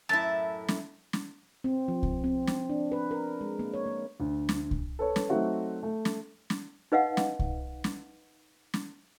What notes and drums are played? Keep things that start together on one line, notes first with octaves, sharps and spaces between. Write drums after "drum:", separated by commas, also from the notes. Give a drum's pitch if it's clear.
F#2 A2 E4 A5
drum: snare
drum: snare
C4
F3
drum: kick C2
C4
drum: snare
D4
B4
A#4
G#3
A#3
C#5
A#3
D2
drum: snare
drum: kick C2
A4 B4 C#5
drum: snare
F#3 A3 C4 D#4 F#4 E5
A3
drum: snare
drum: snare
D#4 B4 D#5 F5 F#5
drum: snare
drum: kick C2
drum: snare
drum: snare